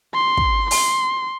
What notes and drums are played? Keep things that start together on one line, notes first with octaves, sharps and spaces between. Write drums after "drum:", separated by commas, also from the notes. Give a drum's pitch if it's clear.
C6
drum: kick
C6, drum: open hi-hat